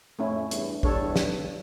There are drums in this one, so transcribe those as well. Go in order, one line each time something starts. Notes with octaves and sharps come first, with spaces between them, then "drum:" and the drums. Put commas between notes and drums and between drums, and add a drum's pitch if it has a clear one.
F2 A2 A3 C#4 E4
E2 G2, drum: hi-hat
E2 G2 G3 D4 A4 C#5, drum: kick
drum: snare